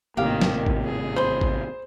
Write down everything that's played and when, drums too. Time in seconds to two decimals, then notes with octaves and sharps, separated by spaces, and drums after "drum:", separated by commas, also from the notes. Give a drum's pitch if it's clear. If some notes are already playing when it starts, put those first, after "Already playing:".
0.17 G#1 A2 C3 D#3 A#3 G4 F5
0.41 drum: snare
0.66 drum: kick
0.84 G#4
1.16 C5 B5 C6
1.41 drum: kick